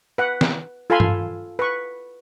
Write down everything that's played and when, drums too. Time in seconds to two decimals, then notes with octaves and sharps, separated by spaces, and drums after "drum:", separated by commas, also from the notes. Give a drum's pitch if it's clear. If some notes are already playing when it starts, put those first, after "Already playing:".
0.18 B4 F#5
0.41 drum: snare
0.90 F4 A4 F5 G#5 B5 C6
1.00 drum: tom
1.59 B4 C#6